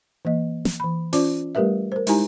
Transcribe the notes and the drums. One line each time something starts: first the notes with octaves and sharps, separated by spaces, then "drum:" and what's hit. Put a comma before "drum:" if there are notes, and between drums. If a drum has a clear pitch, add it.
E3 A#3 D#5
drum: snare
E3 B5
C#4 F4 C5 D5 D6, drum: open hi-hat
G3 A3 G4 A#4 B4 E5
A#4 C5
G#3 D#4 E4 G4 G#5 A#5, drum: open hi-hat